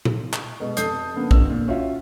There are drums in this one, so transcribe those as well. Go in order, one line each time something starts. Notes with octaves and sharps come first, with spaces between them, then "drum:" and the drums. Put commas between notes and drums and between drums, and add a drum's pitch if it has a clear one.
drum: tom A#2
drum: clap
B2 G#3
F1 A4 D#6 G6 C7, drum: hi-hat
C#3 A#3 B3 D4
G1 F2 E6, drum: kick A#1
A#2
C#4 F4 F#4 E5